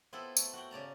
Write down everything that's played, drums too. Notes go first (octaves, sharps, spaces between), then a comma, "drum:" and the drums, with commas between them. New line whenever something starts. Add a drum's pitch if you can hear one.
B3 C4 E4 F4 A4
A3, drum: tambourine
F#4 F#5 G5
C#3 D5 A5 A#5